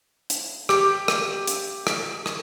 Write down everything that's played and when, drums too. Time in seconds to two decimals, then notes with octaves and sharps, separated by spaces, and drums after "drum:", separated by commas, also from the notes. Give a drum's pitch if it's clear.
0.30 drum: hi-hat
0.69 G4 D6, drum: rim click
1.08 drum: rim click
1.47 drum: hi-hat
1.87 drum: rim click
2.26 drum: rim click